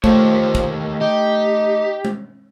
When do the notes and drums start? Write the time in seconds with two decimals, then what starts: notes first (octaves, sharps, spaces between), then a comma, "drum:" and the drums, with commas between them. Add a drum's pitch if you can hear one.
0.04 D#3 F3 A3 G4 C#5, drum: kick
0.55 drum: kick
1.01 D#4 G4
2.05 drum: tom G#3